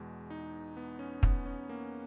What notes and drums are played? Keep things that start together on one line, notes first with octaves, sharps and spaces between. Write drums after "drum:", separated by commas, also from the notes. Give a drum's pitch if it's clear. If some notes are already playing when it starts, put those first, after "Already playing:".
Already playing: E2 B2 G#3
D#4
B3
C#4
B3, drum: kick
C#4
A#3